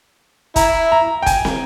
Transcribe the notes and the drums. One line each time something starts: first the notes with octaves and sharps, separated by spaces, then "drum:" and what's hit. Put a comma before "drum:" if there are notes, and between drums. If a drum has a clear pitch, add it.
E4 A#5, drum: kick, hi-hat
A#5
G5
G#5, drum: kick, hi-hat
drum: snare